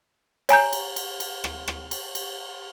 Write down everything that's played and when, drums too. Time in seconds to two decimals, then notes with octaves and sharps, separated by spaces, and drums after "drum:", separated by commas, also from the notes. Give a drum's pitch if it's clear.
0.49 C#5 G#5 A#5 G6, drum: cymbal
0.73 drum: cymbal
0.96 drum: cymbal
1.20 drum: cymbal
1.44 drum: rim click
1.68 drum: rim click
1.91 drum: cymbal
2.15 drum: cymbal